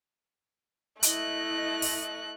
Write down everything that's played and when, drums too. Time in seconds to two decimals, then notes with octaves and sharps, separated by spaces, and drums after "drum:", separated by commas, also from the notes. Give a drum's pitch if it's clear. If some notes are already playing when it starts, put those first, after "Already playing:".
1.03 A3 E4 D#5 F#6, drum: hi-hat
1.82 drum: open hi-hat